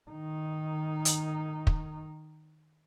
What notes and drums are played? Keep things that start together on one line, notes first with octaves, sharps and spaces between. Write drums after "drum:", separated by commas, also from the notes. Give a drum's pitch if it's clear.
D#3 D#4
drum: hi-hat
drum: kick